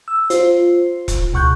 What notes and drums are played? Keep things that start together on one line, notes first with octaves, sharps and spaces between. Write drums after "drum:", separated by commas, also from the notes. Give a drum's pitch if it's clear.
E6
F4 C5, drum: hi-hat
drum: kick E1, hi-hat
C#2 B2 C#6 F#6 G6